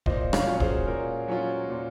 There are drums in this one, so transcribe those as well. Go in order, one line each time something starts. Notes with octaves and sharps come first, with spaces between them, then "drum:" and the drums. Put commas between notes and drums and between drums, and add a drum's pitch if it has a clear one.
A#2 C5 D#5, drum: kick
C#5 F5, drum: rim click
F#3 C#4 F4
G#4 C5, drum: kick
A#2 A#4
F#3 C#4 F4
A#2